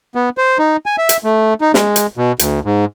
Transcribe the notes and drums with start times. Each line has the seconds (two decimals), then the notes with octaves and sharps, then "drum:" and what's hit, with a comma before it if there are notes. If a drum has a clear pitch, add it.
0.15 B3
0.38 C5
0.59 D#4
0.86 G#5
0.98 E5
1.09 drum: hi-hat
1.24 A3
1.61 D#4
1.74 G#3, drum: snare
1.96 drum: hi-hat
2.17 B2
2.39 D2, drum: hi-hat
2.65 G#2